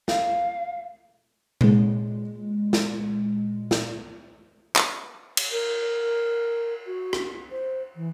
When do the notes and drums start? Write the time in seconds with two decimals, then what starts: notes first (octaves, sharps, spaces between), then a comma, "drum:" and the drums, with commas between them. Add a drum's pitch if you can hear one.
0.08 F5, drum: snare
1.61 A#2 G#3, drum: tom C3
2.73 drum: snare
3.71 drum: snare
4.76 drum: clap
5.37 drum: cymbal
5.52 A#4
6.86 F#4
7.13 drum: rim click
7.51 C5
7.96 E3